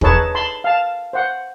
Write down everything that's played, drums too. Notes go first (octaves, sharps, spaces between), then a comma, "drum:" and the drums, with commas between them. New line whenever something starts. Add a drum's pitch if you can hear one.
D#4 G#4 A4 B4 C#5 A5, drum: kick
A5 B5 C6
F5 A5
C5 F#5